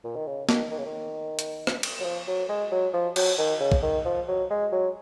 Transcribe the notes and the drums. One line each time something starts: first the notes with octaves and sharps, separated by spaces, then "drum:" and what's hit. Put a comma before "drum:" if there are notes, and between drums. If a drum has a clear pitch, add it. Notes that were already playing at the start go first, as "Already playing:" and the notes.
A#2
D#3
C#3
D#3, drum: snare
D#3
C#3
D#3
drum: hi-hat
drum: rim click
drum: cymbal
F#3
F3
F#3
G#3
F#3
F3
F#3, drum: cymbal
D#3
C#3
drum: kick
D#3
F3
F#3
G#3
F#3